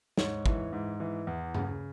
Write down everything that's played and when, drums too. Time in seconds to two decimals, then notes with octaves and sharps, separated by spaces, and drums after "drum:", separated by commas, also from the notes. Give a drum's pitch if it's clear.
0.18 G#2 C#5, drum: snare
0.46 E3, drum: kick
0.72 G#2
1.00 E3
1.27 E2
1.55 C#3, drum: tom G2